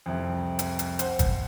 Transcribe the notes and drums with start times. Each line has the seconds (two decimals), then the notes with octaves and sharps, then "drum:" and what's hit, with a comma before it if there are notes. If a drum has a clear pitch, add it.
0.06 C2 F2
0.59 drum: hi-hat
0.79 drum: hi-hat
0.99 C5 F#5, drum: hi-hat
1.19 drum: kick G1, hi-hat